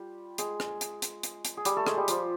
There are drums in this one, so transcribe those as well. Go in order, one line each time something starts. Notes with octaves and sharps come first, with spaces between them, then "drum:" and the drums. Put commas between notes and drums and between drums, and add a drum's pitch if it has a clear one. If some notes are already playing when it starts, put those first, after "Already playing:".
Already playing: G3 F4 G4
G#3 G#4, drum: hi-hat
drum: rim click
drum: hi-hat
drum: hi-hat
drum: hi-hat
drum: hi-hat
G#4
G3 G4, drum: hi-hat
A3 A4
G#3 G#4, drum: rim click
G3 G4
F3 F4, drum: hi-hat